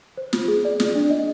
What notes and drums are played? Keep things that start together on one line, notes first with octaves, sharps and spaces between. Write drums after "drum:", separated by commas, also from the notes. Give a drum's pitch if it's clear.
C5
F4, drum: snare
G#4
D5
D5, drum: snare
D4
D#5